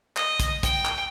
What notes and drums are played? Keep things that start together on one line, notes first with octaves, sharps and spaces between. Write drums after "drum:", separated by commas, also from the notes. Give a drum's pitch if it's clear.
D#5, drum: clap
drum: kick, hi-hat
G5, drum: kick, hi-hat
drum: clap